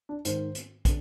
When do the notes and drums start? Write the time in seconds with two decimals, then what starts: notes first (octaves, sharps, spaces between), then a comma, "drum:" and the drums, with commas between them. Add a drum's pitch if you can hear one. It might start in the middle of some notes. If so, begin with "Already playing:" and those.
0.09 D4
0.25 G#2 D#3 C5, drum: hi-hat
0.55 drum: hi-hat
0.85 D3, drum: kick, hi-hat